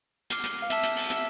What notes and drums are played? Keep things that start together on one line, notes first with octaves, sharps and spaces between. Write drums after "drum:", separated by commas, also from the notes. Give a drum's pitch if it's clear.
D6 F6 C7 G7, drum: hi-hat
drum: hi-hat
F5
E5 A5 E6 B6 E7, drum: hi-hat
drum: hi-hat
drum: open hi-hat
A5 E6 B6 E7, drum: hi-hat